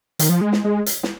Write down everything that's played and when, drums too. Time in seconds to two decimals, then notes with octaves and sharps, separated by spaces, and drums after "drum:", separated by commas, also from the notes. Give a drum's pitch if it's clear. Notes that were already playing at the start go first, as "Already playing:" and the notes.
0.19 D#3, drum: hi-hat
0.29 F3
0.41 G#3
0.52 drum: snare
0.64 G#3
0.86 drum: hi-hat
1.03 drum: snare